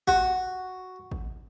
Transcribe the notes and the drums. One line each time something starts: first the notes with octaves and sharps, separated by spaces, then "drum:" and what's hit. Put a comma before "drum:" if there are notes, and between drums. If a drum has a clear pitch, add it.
F#4, drum: kick A1
drum: kick A1